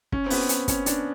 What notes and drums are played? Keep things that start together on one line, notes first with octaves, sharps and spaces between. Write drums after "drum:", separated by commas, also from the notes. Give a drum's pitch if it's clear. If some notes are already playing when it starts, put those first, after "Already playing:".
C#4, drum: kick
C4
B3, drum: open hi-hat
drum: hi-hat
C#4, drum: kick, hi-hat
D4, drum: hi-hat